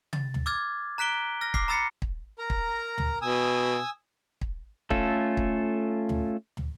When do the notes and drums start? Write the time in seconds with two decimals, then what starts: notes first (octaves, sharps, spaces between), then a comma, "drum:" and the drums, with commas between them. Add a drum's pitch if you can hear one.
0.13 A6, drum: tom
0.34 drum: tom
0.46 D6 E6 F6 G#6 A6
0.98 A#5 F#6 B6 D7 G7
1.41 F6 A#6
1.54 D6 F6 C7, drum: kick
1.68 A#5 B5 E6 A6 C7 C#7
2.02 drum: kick
2.39 A#4 A#5
2.50 drum: kick
2.98 drum: tom
3.22 B2 G#5 D#6 E6
4.41 drum: kick
4.90 A3 C#4 F4 A4, drum: kick
5.37 drum: kick
6.09 drum: tom
6.57 drum: tom